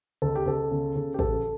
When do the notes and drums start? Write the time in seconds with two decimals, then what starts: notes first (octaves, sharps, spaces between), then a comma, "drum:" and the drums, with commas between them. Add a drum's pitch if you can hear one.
0.22 C#2 A4
0.36 G4
0.46 C#2 A4
0.71 C#3
0.95 C#3
1.14 G4
1.19 A1 A4, drum: kick